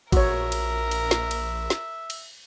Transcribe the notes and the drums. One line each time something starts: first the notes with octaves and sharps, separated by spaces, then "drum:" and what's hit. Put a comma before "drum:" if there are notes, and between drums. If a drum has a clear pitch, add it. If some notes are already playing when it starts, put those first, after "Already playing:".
A#1 F#4 A#4 C#5 E5, drum: kick A1, cymbal
drum: cymbal
drum: cymbal
drum: snare
drum: cymbal
drum: snare
drum: cymbal